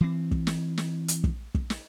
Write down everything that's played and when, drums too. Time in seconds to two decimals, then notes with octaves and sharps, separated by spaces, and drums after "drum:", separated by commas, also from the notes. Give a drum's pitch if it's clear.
0.01 E3 C4
0.31 drum: kick
0.47 drum: snare
0.78 drum: snare
1.08 drum: hi-hat
1.24 drum: kick
1.55 drum: kick
1.70 drum: snare